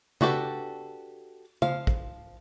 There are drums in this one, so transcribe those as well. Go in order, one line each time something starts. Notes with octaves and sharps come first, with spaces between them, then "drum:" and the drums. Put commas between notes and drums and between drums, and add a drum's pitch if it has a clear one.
D4 F#4 G4 A4 B4, drum: tom C#3
F3 F5, drum: tom C#3
drum: kick